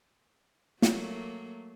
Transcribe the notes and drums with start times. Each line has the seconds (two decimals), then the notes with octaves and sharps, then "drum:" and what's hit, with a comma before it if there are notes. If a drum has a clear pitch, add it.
0.82 F#3 A3 A#3, drum: snare